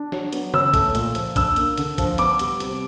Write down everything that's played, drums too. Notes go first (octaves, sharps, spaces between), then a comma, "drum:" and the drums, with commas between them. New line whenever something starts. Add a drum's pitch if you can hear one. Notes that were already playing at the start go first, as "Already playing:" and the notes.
Already playing: D4
F#3, drum: snare F#3
B3, drum: hi-hat
C#4 E6, drum: tom
A3, drum: kick, hi-hat
A#2, drum: hi-hat
F3, drum: hi-hat
D4 E6, drum: kick, hi-hat
A#3, drum: hi-hat
D3, drum: hi-hat
F3, drum: kick, hi-hat
B3 D6, drum: hi-hat
G3, drum: hi-hat
C3, drum: hi-hat